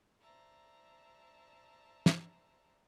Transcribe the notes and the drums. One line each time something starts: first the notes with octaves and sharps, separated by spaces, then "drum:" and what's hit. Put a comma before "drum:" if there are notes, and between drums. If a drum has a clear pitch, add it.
C5 D5 E5 A5 A#5
drum: snare